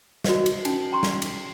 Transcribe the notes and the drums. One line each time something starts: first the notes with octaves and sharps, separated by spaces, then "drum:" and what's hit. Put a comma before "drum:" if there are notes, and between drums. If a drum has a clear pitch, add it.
F#4 A#4 C5 D#5, drum: snare
drum: cymbal
C#4 D#4 G#5, drum: cymbal
G5 A#5 C6 C#6
drum: snare
drum: cymbal